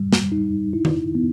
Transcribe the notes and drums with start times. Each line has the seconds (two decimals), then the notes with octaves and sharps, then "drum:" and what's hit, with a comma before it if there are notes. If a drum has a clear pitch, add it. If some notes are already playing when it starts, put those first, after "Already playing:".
Already playing: G3
0.13 drum: snare
0.32 D#4
0.73 E4
0.85 drum: tom D#3
1.15 B3